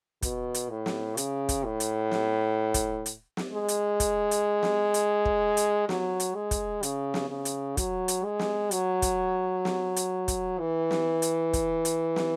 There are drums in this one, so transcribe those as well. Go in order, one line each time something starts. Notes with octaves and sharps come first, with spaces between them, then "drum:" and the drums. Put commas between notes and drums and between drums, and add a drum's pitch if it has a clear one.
B2, drum: kick, hi-hat
drum: hi-hat
A2
drum: snare
C#3, drum: hi-hat
drum: kick, hi-hat
A2
drum: hi-hat
drum: snare
drum: kick, hi-hat
drum: hi-hat
drum: snare
G#3
drum: hi-hat
drum: kick, hi-hat
drum: hi-hat
drum: snare
drum: hi-hat
drum: kick
drum: hi-hat
F#3, drum: snare
drum: hi-hat
G#3
drum: kick, hi-hat
C#3, drum: hi-hat
drum: snare
C#3
drum: hi-hat
F#3, drum: kick, hi-hat
drum: hi-hat
G#3
drum: snare
F#3, drum: hi-hat
drum: kick, hi-hat
drum: snare
drum: hi-hat
drum: kick, hi-hat
E3
drum: snare
drum: hi-hat
drum: kick, hi-hat
drum: hi-hat
drum: snare